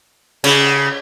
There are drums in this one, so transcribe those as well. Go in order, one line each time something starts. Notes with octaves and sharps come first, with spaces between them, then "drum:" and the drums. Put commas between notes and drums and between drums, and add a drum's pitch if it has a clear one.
C#3, drum: cymbal